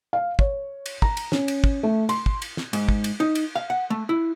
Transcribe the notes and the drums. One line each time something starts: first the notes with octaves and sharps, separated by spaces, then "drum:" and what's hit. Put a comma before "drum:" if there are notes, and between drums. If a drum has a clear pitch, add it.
F5
C#5, drum: kick
drum: cymbal
A#5, drum: kick
drum: cymbal
C#4, drum: snare
drum: cymbal
drum: kick
A3
C6, drum: cymbal
drum: kick
drum: cymbal
drum: snare
G#2, drum: cymbal
drum: kick
drum: cymbal
D#4
drum: cymbal
F5
F#5
A3
E4